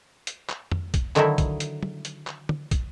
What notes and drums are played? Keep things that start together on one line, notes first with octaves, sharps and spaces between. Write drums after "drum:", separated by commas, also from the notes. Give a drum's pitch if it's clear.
drum: hi-hat
drum: clap
drum: tom F2
drum: kick, hi-hat
D3 D#3 F#3 D#4 E4, drum: clap
drum: kick, hi-hat
drum: hi-hat
drum: tom
drum: hi-hat
drum: clap
drum: tom
drum: kick, hi-hat